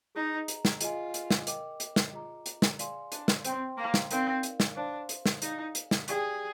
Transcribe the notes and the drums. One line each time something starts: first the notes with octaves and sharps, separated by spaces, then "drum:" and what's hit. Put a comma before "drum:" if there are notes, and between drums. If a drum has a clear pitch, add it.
D#4 G#4 D#5 A#5
drum: hi-hat
drum: snare
F4 G#4 D#5 G#5, drum: hi-hat
drum: hi-hat
drum: snare
A#4 D#5 G5 D6, drum: hi-hat
drum: hi-hat
drum: snare
F4 G#4 D#5 A#5 D6
drum: hi-hat
drum: snare
G#4 D5 F5 G#5 C6, drum: hi-hat
D4, drum: hi-hat
drum: snare
C4 C5 G5 C6, drum: hi-hat
A#3
drum: snare
C4 D#4 A#4 D5 F5, drum: hi-hat
drum: hi-hat
drum: snare
D4 C5 F5 C6
drum: hi-hat
drum: snare
D#4 G#4 D5 F5 G#5, drum: hi-hat
drum: hi-hat
drum: snare
G4 G#4 D5 G5, drum: hi-hat